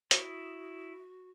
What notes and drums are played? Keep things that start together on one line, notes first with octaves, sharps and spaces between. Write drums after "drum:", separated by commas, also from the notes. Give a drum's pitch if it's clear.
E4 F#4 D#6, drum: hi-hat